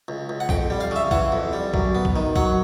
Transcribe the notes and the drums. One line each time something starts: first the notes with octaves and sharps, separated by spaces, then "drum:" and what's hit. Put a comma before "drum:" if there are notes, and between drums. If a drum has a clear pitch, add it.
C#2
C#2
F#5
F2 G5, drum: kick B1
G3
F5
C#3 E5
E3 F#5, drum: kick B1
F2
G3
F#2, drum: kick B1
B3
drum: kick B1
D#3
F#3 F#5, drum: kick B1